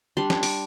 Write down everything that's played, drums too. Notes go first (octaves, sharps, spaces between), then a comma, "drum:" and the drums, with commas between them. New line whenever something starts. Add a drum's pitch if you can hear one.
G3 D4 C6
drum: snare
D6, drum: open hi-hat